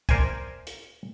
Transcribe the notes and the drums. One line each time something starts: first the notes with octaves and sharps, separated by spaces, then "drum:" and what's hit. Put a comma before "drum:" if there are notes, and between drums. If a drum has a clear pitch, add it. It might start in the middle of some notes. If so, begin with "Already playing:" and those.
A#4 C5 D5 E5 G#5, drum: kick, hi-hat
drum: hi-hat